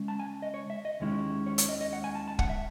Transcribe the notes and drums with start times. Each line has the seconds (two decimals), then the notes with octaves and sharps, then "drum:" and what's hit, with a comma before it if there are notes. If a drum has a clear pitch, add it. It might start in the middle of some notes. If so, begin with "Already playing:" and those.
Already playing: C#3 G#3 C#4
0.08 A5
0.19 G#5
0.42 D#5
0.54 C#5
0.70 E5
0.85 D#5
1.00 D#2 D#3 G#3 C#4 E4
1.46 C#5
1.58 C#5, drum: hi-hat
1.69 D#5
1.81 D#5
1.93 F#5
2.04 G#5
2.15 A5
2.28 A5
2.39 F#5, drum: kick
2.49 E5